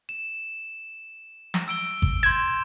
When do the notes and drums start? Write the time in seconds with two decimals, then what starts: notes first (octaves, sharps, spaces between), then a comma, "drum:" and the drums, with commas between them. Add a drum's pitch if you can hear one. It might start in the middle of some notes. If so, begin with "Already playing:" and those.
0.09 E7
1.54 drum: snare
1.68 E6 D7 G7
2.02 drum: kick G#1
2.23 C6 G6 G#6 E7